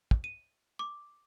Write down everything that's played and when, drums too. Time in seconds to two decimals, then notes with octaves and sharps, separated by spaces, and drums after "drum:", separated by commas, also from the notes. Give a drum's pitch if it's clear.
0.11 drum: kick
0.24 D#7
0.79 D6